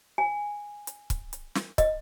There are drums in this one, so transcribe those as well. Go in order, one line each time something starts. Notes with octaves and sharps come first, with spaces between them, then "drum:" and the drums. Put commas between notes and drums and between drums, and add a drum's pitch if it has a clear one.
G#5
drum: hi-hat
drum: kick, hi-hat
drum: hi-hat
drum: snare
D#5, drum: kick, hi-hat